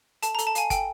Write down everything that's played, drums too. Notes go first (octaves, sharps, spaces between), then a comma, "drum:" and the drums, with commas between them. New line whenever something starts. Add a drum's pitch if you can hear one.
A4 A5, drum: hi-hat
A#5
A4, drum: hi-hat
A5
F5 G#5, drum: hi-hat
A4 G5, drum: kick, hi-hat